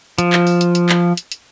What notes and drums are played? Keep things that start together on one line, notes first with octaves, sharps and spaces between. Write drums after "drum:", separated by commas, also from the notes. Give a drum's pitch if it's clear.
F3, drum: hi-hat
drum: clap
drum: open hi-hat
drum: hi-hat
drum: hi-hat
drum: clap
drum: hi-hat
drum: hi-hat